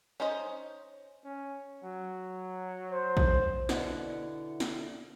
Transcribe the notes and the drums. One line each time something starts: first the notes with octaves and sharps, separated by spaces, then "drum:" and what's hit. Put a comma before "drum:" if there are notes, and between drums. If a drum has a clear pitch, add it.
C#4 D#4 C5 D#5
C#4
F#3
C5
drum: kick A#1
B2 D3 E4 F#5, drum: snare
drum: snare